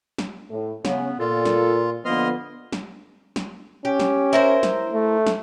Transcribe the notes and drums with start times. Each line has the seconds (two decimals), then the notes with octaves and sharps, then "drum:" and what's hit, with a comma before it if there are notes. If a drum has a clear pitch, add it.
0.18 drum: snare
0.50 A2
0.85 C#3 B3 C#4, drum: snare
1.20 A#2 F4 A4
1.45 drum: snare
2.05 D3 F3 A#3 B3 D#5 C6 F6
2.72 drum: snare
3.36 drum: snare
3.85 C#4 G4
4.00 drum: snare
4.33 E4 A#4 C5
4.63 drum: snare
4.93 A3
5.27 drum: snare